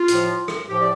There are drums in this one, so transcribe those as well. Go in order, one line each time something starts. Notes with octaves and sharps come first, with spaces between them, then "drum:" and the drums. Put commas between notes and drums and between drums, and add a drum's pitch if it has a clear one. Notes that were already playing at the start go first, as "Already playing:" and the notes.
Already playing: F4
A2 F3, drum: hi-hat
drum: rim click
A2 F3 G4
D5